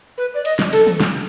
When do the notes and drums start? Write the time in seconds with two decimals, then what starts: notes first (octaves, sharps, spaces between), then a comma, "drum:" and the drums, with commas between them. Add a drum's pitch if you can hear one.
0.18 B4
0.34 D5
0.45 D#5, drum: cymbal
0.59 drum: snare
0.73 A4, drum: cymbal
0.87 drum: tom
1.00 drum: snare